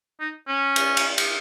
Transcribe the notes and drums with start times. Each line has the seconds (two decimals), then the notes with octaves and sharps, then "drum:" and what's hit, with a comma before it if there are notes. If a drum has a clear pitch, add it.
0.20 D#4
0.48 C#4
0.76 drum: cymbal
0.97 drum: cymbal
1.18 drum: cymbal